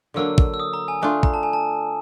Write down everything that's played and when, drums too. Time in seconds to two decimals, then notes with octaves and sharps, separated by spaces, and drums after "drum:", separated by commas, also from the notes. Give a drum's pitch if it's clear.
0.14 D3 F#3 A#3 D4 E6
0.38 drum: kick
0.54 E6
0.60 D#6
0.73 A#5
0.88 G#5
1.02 A3 D4 F4 G#5
1.23 A#5, drum: kick
1.34 A5
1.43 G#5
1.53 A5